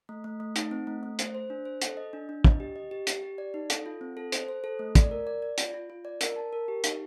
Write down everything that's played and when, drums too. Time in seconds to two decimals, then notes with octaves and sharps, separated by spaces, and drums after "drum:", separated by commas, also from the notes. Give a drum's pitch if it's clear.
0.09 A3
0.24 A3
0.40 A3
0.56 D#4, drum: hi-hat
0.71 C4
0.87 A3
1.03 A3
1.19 C5, drum: hi-hat
1.35 C5
1.50 D4
1.65 C5
1.82 A4, drum: hi-hat
1.97 D#5
2.13 D4
2.29 D4
2.44 D#5, drum: kick
2.60 G4
2.76 D#5
2.91 G4
3.07 G4, drum: hi-hat
3.23 G4
3.38 D5
3.54 D#4
3.70 A4, drum: hi-hat
3.86 F4
4.01 C4
4.17 A4
4.32 C5, drum: hi-hat
4.48 C5
4.64 A4
4.79 A3
4.95 D5, drum: kick, hi-hat
5.11 A#4
5.27 D5
5.42 D5
5.58 F4, drum: hi-hat
5.74 F4
5.90 F4
6.05 D5
6.21 A#4, drum: hi-hat
6.36 A5
6.53 A#4
6.68 G4
6.84 D#4, drum: hi-hat